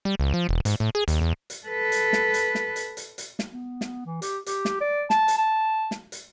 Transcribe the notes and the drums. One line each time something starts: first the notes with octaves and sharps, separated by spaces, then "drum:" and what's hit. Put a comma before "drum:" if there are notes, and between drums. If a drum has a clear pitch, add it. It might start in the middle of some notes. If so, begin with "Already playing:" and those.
G3
C#2
F3
E1
G#2, drum: hi-hat
A2
G#4
D#2, drum: hi-hat
E2
drum: hi-hat
A4 B4
drum: hi-hat
drum: snare
drum: hi-hat
drum: snare
drum: hi-hat
drum: hi-hat
drum: hi-hat
drum: snare
B3
drum: snare
E3
G4, drum: hi-hat
G4, drum: hi-hat
drum: snare
D5
A5, drum: snare
drum: hi-hat
A5
drum: snare
drum: hi-hat